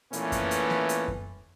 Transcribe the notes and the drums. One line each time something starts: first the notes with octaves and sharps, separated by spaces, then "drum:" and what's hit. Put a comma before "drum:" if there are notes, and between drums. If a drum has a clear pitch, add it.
A#2 E3 A3 B3 C#4, drum: hi-hat
drum: kick F#2, hi-hat
drum: hi-hat
drum: snare B3
drum: hi-hat
drum: kick F#2